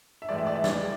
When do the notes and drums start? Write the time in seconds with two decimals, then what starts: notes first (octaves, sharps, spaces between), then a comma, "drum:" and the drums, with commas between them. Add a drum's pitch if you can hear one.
0.22 E5
0.29 A2 E3 G#3 D5
0.38 E5
0.47 D5
0.55 E5
0.64 D5, drum: snare